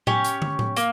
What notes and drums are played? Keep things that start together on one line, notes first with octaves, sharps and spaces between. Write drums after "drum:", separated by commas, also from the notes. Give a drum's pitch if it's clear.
C#4 G4 C#5, drum: tom A2
drum: hi-hat
drum: tom
drum: tom A2
A#3, drum: hi-hat